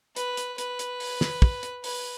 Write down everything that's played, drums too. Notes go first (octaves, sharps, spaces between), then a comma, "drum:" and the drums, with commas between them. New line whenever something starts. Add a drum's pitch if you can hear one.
B4, drum: hi-hat
drum: hi-hat
B4, drum: hi-hat
drum: hi-hat
drum: open hi-hat
drum: snare
drum: kick
drum: hi-hat
B4, drum: open hi-hat